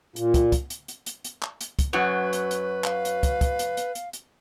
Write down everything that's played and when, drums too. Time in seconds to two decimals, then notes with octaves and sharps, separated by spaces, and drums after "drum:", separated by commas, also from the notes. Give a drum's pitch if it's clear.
0.16 A#2, drum: hi-hat
0.34 drum: kick, hi-hat
0.52 drum: kick, hi-hat
0.70 drum: hi-hat
0.88 drum: hi-hat
1.06 drum: hi-hat
1.24 drum: hi-hat
1.43 drum: clap
1.61 drum: hi-hat
1.79 drum: kick, hi-hat
1.93 F#2 F#3 B4
2.33 drum: hi-hat
2.51 drum: hi-hat
2.84 F5, drum: clap
3.05 drum: hi-hat
3.23 drum: kick, hi-hat
3.41 drum: kick, hi-hat
3.59 drum: hi-hat
3.77 drum: hi-hat
3.95 drum: hi-hat
4.13 drum: hi-hat